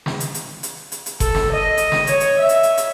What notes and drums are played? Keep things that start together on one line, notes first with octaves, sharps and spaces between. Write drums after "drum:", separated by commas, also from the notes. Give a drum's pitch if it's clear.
drum: snare
drum: hi-hat
drum: hi-hat
drum: hi-hat
drum: hi-hat
drum: hi-hat
A4, drum: kick F#1, hi-hat
drum: snare
D#5
drum: hi-hat
drum: snare
C#5, drum: hi-hat
drum: hi-hat
E5
drum: hi-hat
drum: hi-hat
drum: hi-hat